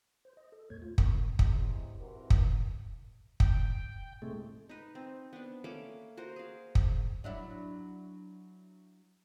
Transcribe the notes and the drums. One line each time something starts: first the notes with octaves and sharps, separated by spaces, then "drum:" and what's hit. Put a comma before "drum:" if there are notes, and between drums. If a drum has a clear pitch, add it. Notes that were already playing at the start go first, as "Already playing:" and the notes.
C5
D#5
A4
E2 A#2 A#3 C#5 G#6
A3 F4
F#2 C4 A#4 B5 C#6, drum: kick
E2 C3 G#3, drum: kick
G#2 C3 E3 C4 F#4 A#4
drum: kick
G5, drum: kick
A2 C3 G#3 A3
D#4 B4
C4
B3 D4
A3 A#3 C#4 D6
F#4 A#4 C5
G#4 F5
drum: kick
F#3 D4 E4